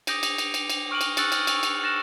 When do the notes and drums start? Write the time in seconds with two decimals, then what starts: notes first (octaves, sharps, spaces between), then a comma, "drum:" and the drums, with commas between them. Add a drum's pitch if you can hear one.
0.07 D6 D#6 G6 A#6 D7 D#7, drum: cymbal
0.23 drum: cymbal
0.38 drum: cymbal
0.54 drum: cymbal
0.70 drum: cymbal
0.91 C#6 F6 D7 D#7 F#7
1.01 drum: cymbal
1.17 C#6 E6 F#6 A6 C#7 D7, drum: cymbal
1.32 drum: cymbal
1.47 drum: cymbal
1.63 drum: cymbal
1.82 F6 F#6 A6 A#6 E7